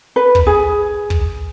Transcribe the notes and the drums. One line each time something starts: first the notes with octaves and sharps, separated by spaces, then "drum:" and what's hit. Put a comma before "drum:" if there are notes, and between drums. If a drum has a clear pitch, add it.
B4
drum: kick
G#4
drum: kick